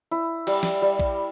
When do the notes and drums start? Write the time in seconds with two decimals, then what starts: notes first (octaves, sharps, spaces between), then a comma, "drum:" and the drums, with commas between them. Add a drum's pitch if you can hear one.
0.11 E4
0.47 G3, drum: cymbal
0.63 drum: snare
0.82 G3
0.99 drum: kick A#1